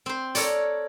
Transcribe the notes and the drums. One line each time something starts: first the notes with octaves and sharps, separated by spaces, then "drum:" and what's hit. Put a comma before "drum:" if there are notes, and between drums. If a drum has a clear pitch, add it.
C4 C5
A4 A#4 C#5 D5, drum: hi-hat